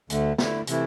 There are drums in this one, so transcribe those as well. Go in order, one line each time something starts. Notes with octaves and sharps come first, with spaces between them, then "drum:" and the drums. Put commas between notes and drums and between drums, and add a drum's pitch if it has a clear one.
D2 D3 A3, drum: hi-hat
D3 A3 E4, drum: snare
C3 E3 A3 E4, drum: hi-hat